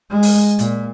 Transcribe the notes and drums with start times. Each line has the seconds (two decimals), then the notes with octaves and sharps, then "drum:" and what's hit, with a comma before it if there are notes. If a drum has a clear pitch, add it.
0.10 G#3
0.23 drum: open hi-hat
0.59 A#2, drum: hi-hat